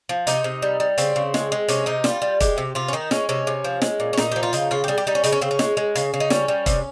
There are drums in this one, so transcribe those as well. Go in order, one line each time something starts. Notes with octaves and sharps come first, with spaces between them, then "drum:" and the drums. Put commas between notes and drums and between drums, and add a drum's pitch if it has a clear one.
F3
C3 D#4, drum: hi-hat
C3
G3
G3
C#3 C4, drum: hi-hat
C#3
G#3, drum: snare
G#3
C3 C#4, drum: hi-hat
C3 D#4
G3 F4, drum: snare
G3
G#3 G4, drum: kick E1, hi-hat
C3
C3 F4
C#4
D#3 D#4
G#3 C#4, drum: snare
C3 C#4
C3
F3
G#3, drum: snare
A#2
C#4
A#2 D#4, drum: snare
F3 G4
F4
C#3 D#4, drum: hi-hat
C#3 F4
G4
G3 G#4
G4
G3 D#4
C#4
C#3 D#4, drum: hi-hat
C#4
C#3 C4
C#4
G#3, drum: snare
G#3
C#3, drum: hi-hat
C#3
D#4
G3 C#4, drum: snare
G3
C3, drum: kick E1, hi-hat